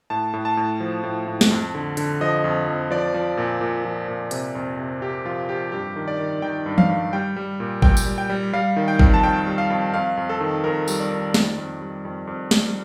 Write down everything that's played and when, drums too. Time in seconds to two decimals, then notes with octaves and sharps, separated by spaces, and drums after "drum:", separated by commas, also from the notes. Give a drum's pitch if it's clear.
0.10 A2 A5
0.33 A2
0.45 A5
0.57 A2
0.80 F3
1.04 A2
1.27 A2
1.41 drum: snare
1.51 F2
1.75 D3
1.97 D3, drum: hi-hat
2.21 F3 D#5
2.44 F2
2.67 F2
2.91 F3 D5
3.14 F3
3.37 A#2
3.61 A#2
3.85 F3
4.08 A#2
4.31 C3, drum: hi-hat
4.55 F2
4.79 C3
5.01 C3 G4
5.25 F3 F4
5.49 F2 G4
5.72 G2 G4
5.96 D#3
6.08 D5
6.20 D#3
6.42 D#3 G5
6.66 G2
6.78 F5, drum: tom E3
6.89 G2
7.13 G3 G5
7.37 G3
7.60 A#2
7.82 A#2 G5, drum: kick G#1
7.97 drum: tambourine
8.06 G3
8.18 G5
8.30 G3
8.53 G3 F5
8.76 D#3
8.88 G5
8.99 F2, drum: kick G#1
9.14 A5
9.23 F2 G5
9.47 G3
9.58 F5
9.70 F2
9.94 F2 F5
10.17 F2
10.29 A4
10.40 D#3
10.64 F2 A#4
10.88 G3, drum: tambourine
10.99 D5
11.11 D#3
11.34 F2, drum: snare
11.58 F2
11.81 G3
12.05 F2
12.27 F2
12.51 G3, drum: snare